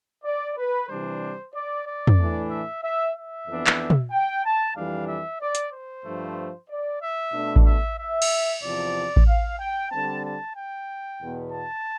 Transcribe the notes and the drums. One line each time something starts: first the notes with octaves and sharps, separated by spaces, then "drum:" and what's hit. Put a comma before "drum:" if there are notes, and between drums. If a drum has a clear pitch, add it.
D5
B4
C3 E3 G3 D4 C5
D5
D5
drum: tom
A2 E3 A3 D4
E5
E5
E5
F2 E3 B3 D4
drum: clap
drum: tom
G5
A5
F2 E3 G3 D4 F5
E5
D5
drum: hi-hat
C5
G2 F3 A3
D5
E5
B2 A3 D4
drum: kick A1
E5
E5
drum: cymbal
E2 C3 F3 D5
drum: kick A1
F5
G5
D3 G3 C4 A5
A5
G5
E2 B2 B3
A5